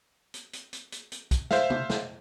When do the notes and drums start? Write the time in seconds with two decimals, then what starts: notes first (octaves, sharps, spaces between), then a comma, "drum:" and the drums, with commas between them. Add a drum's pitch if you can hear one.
0.34 drum: hi-hat
0.53 drum: hi-hat
0.73 drum: hi-hat
0.92 drum: hi-hat
1.12 drum: hi-hat
1.31 drum: kick, hi-hat
1.51 C5 E5 F5, drum: snare
1.70 drum: tom C3
1.90 drum: snare